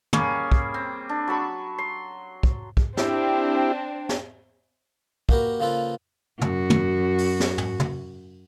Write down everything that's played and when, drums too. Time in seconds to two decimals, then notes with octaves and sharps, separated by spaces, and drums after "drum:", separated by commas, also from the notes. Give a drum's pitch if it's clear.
0.13 G3 A#3 C#4 G#4, drum: tom
0.52 drum: kick
0.74 C4
1.09 D4
1.28 F#3 A5 B5 C#6
1.78 C6
2.43 drum: kick
2.77 drum: kick
2.97 C4 D4 E4 G4, drum: snare
4.09 drum: snare
5.29 A#3 F#4 G4 A#4 B4, drum: kick
5.60 C#3 F3 A#3 F4 A4 B4
6.41 F#2 F#4, drum: tom
6.70 drum: tom
7.18 drum: open hi-hat
7.40 drum: snare
7.58 drum: tom
7.80 drum: tom